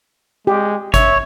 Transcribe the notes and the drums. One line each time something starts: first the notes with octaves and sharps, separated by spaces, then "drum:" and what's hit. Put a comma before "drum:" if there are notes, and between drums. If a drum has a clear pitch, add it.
G#3 G4
C#5 E5, drum: kick G#1, hi-hat